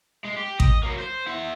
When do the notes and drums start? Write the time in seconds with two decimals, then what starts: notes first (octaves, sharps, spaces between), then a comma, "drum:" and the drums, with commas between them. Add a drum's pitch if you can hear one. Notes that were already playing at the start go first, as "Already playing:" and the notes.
0.25 G#3
0.37 G4
0.60 D#5, drum: kick A1
0.84 F#3 A#3
0.98 C5
1.27 E4 F#5